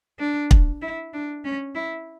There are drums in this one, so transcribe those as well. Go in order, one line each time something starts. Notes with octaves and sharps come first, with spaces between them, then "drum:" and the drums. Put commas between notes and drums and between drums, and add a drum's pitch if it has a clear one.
D4
drum: kick
E4
D4
C#4
E4